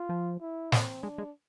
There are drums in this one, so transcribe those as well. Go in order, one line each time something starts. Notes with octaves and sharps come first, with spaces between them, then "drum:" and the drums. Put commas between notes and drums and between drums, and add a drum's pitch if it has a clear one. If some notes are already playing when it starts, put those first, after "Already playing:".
Already playing: F4
F3
E4
C4, drum: snare
G#3 D4
G#3